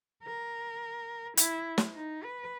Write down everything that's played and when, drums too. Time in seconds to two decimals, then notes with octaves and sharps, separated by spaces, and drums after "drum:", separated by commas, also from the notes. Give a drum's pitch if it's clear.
0.23 A#4
1.37 E4, drum: hi-hat
1.78 drum: snare
1.95 D#4
2.23 B4